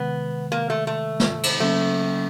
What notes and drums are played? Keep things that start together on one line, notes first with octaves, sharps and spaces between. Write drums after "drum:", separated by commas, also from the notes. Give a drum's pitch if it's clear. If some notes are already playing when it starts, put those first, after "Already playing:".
Already playing: C3 D#3 G#3 B3
A#3
A3
A3
drum: snare
drum: cymbal
C#3 F#3 A3 A#3 C#4